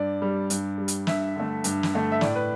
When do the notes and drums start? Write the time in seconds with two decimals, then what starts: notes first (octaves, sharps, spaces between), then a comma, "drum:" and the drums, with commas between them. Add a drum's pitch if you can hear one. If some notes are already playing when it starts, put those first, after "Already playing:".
Already playing: G2 D5
0.22 G3
0.50 G2, drum: hi-hat
0.78 G3
0.88 drum: hi-hat
1.07 G2 E5, drum: snare
1.36 D3 A3
1.64 G2, drum: hi-hat
1.83 drum: snare
1.93 D3 A3
2.12 E5
2.21 A2 D5, drum: snare
2.35 B4